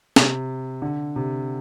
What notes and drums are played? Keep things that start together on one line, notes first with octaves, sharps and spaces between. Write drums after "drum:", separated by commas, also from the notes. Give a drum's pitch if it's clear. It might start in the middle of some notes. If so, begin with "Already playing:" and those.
C3, drum: snare
D3
C3